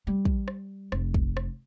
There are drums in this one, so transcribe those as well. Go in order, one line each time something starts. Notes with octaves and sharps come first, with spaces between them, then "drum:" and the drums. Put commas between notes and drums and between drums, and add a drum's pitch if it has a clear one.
G3
drum: kick
drum: rim click
F1, drum: rim click
drum: kick
drum: rim click